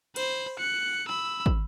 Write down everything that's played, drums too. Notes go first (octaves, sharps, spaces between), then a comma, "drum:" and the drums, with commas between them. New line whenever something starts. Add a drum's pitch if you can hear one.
C5 B5, drum: cymbal
F#6 C#7
B5 E6
drum: kick